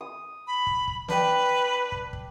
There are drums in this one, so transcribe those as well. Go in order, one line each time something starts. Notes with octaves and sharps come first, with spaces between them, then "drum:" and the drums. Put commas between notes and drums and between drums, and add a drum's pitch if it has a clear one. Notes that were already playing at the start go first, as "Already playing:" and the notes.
D#6
B5
drum: kick
drum: kick
D4 B4 G5, drum: snare
drum: kick
drum: kick